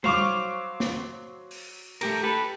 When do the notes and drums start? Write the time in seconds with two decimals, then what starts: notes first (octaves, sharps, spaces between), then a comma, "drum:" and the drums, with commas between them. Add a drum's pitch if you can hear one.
0.04 F#3 C5 F5 C#6 D6, drum: tom G3
0.80 drum: snare
1.51 drum: open hi-hat
2.01 A3 G4 A#4, drum: cymbal
2.23 G4 A4 B4